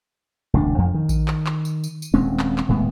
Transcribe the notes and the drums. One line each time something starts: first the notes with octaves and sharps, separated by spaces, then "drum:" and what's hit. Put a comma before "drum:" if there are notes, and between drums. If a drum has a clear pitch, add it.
E1 D2 D4
F2 F3
D#3
drum: kick A#1, tambourine
drum: clap
drum: clap
drum: tambourine
drum: tambourine
drum: tambourine
D#1 G#3 C4 C#4
drum: clap
drum: clap
D#1 A2 G#3 B3